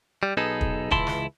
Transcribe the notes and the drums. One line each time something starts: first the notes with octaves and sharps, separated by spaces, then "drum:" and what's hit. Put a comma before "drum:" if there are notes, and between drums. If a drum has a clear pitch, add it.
G3
B1 B3 D#4 G#4 A4
drum: kick
C#2 E3 E4 A5 C6, drum: kick
drum: snare